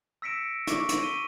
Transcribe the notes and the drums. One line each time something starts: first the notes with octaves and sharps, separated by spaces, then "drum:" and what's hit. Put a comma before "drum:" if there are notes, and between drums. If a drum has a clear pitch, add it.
E6 A#6 B6 C#7 D7 E7
C#6 D6, drum: hi-hat
drum: hi-hat
B6 D#7 G7